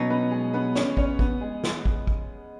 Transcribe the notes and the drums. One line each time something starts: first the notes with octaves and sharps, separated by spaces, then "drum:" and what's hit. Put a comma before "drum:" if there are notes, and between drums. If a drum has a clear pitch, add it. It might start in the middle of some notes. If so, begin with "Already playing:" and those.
Already playing: B2 F#3 C#4 D#4 C#5
B3 B4
G#3 G#4
B3 B4
C#4 C#5, drum: snare
C#4 C#5, drum: kick
B3 B4, drum: kick
G#3 G#4
drum: snare
drum: kick
drum: kick